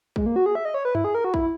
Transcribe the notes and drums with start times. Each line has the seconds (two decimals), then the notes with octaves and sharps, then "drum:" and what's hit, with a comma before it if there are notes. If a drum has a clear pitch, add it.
0.16 G#3, drum: kick
0.26 A#3
0.36 F#4
0.46 G#4
0.55 E5
0.65 D#5
0.74 C#5
0.85 B4
0.95 E4, drum: tom F#2
1.04 G#4
1.15 A#4
1.24 F#4
1.34 E4, drum: kick